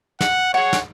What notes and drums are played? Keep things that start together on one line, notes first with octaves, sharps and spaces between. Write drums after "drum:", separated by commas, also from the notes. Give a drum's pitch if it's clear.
F#5, drum: snare
G#4 C#5 F#5
drum: snare